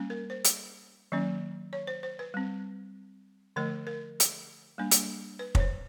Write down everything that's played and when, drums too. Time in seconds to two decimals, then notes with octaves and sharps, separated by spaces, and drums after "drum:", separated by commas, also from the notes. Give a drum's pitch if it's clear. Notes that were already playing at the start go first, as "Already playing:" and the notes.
Already playing: G3 A#3 C#4
0.10 A#4
0.30 C5
0.44 drum: hi-hat
1.12 D#3 F#3 A#3 C#4
1.73 C#5
1.87 C5
2.03 C5
2.19 B4
2.34 G3 C4
3.56 D3 F3 A3 A#4
3.87 A#4
4.20 drum: hi-hat
4.78 G3 A#3 D4
4.91 drum: hi-hat
5.39 B4
5.55 C#5, drum: kick
5.60 C5